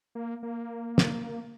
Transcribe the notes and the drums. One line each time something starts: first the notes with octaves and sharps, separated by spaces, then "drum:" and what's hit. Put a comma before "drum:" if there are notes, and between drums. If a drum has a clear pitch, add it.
A#3
A#3
drum: snare